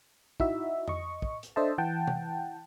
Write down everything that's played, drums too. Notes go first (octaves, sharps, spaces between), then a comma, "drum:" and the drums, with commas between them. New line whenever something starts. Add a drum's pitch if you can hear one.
D#4 E4 F#4 E5, drum: kick
D#5 C#6, drum: tom F2
drum: kick
drum: hi-hat
D4 A4 C5 D#5 E5 A5
E3 F#5 G5 A5
drum: tom C3